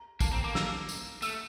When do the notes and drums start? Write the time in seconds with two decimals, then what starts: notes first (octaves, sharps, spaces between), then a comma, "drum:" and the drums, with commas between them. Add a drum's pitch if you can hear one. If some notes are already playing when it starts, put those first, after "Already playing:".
Already playing: A#5
0.20 A#3 A5, drum: kick, tambourine
0.32 C4 A#5
0.44 A#3 D6
0.55 E6, drum: snare
0.89 drum: tambourine
1.22 A3 E6, drum: tambourine